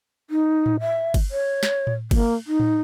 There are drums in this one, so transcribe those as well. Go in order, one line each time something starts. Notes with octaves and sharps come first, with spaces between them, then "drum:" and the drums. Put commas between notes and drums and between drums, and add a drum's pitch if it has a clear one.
D#4
drum: tom A2
E5
drum: kick G1, cymbal
C#5
drum: snare
drum: tom A2
A#3, drum: kick G1, cymbal
D#4
drum: tom A2